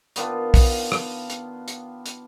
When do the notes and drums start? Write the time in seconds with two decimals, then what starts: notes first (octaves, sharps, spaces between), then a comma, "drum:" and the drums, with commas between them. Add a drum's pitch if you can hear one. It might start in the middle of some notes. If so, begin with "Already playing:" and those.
0.16 D#3 B3 D4 F4, drum: hi-hat
0.54 drum: kick, open hi-hat
0.92 drum: rim click
1.30 drum: hi-hat
1.68 drum: hi-hat
2.06 drum: hi-hat